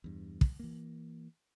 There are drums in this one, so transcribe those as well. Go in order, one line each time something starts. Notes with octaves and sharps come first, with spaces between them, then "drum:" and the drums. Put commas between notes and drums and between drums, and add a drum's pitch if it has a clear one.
E2 G2
drum: kick
E3 A#3